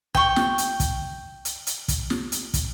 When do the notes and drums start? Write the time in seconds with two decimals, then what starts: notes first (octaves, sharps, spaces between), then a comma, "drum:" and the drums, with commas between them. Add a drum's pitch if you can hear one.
0.15 G5 C#6, drum: kick
0.36 drum: snare
0.58 drum: hi-hat
0.80 drum: kick, hi-hat
1.45 drum: hi-hat
1.67 drum: hi-hat
1.88 drum: kick, hi-hat
2.10 drum: snare
2.32 drum: hi-hat
2.54 drum: kick, hi-hat